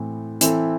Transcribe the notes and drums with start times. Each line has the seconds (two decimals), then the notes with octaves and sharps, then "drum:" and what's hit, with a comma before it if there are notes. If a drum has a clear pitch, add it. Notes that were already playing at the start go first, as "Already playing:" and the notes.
Already playing: A2 E3 C4
0.41 E3 C4 E4 A4, drum: hi-hat